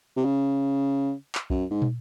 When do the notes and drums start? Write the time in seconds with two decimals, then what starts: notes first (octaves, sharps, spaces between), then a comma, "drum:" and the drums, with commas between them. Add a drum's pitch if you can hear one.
0.17 C3
0.25 C#3
1.35 drum: clap
1.50 F#2, drum: kick B1
1.71 G#2
1.82 drum: tom